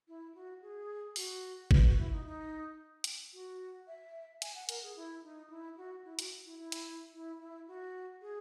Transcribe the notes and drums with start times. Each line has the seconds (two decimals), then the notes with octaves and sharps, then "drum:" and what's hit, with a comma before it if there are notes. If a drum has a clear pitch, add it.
0.08 E4
0.35 F#4
0.62 G#4
1.16 F#4, drum: open hi-hat
1.71 B4, drum: kick
1.84 F#4
1.98 E4
2.11 D#4
2.25 D#4
3.04 drum: hi-hat
3.33 F#4
3.87 E5
4.42 G#5, drum: hi-hat
4.55 F#5
4.69 A#4, drum: hi-hat
4.83 G#4
4.96 E4
5.23 D#4
5.50 E4
5.77 F#4
6.05 E4
6.19 F#4, drum: hi-hat
6.45 E4
6.59 E4
6.72 drum: hi-hat
7.13 E4
7.41 E4
7.67 F#4
8.21 G#4